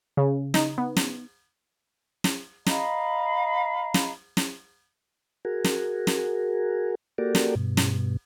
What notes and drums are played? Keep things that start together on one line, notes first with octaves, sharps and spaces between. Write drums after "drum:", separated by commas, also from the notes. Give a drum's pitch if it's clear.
C#3
D#4, drum: snare
B3
drum: snare
drum: snare
D#5 F5 A#5 B5, drum: snare
drum: snare
drum: snare
F#4 G#4 A#4
drum: snare
drum: snare
A#3 F#4 G4 A4 A#4 D5
drum: snare
G2 B2
drum: snare